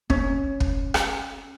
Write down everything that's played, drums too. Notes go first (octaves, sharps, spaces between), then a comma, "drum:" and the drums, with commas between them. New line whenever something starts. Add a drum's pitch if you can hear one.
C#4, drum: kick
drum: kick
drum: rim click